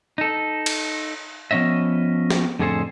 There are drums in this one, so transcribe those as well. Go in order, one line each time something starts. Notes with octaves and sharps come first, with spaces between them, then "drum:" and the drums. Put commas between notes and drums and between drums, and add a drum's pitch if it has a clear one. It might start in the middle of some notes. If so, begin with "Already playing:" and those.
D#4 A4
drum: cymbal
F3 B3 C#4 D#5 E5
drum: snare
F2 A2 D3 G#4 A4 C5